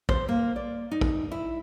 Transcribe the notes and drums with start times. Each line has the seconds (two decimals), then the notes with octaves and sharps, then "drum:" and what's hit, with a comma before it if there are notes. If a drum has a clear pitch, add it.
0.09 C5, drum: kick
0.29 A#3
0.56 D5
0.91 D#4
1.01 drum: kick
1.32 E4